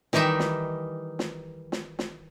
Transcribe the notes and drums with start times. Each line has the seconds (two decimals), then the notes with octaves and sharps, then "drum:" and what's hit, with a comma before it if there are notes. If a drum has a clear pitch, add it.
0.13 D#3 E3 G3 D#4 E5, drum: snare
0.39 drum: snare
1.19 drum: snare
1.72 drum: snare
1.99 drum: snare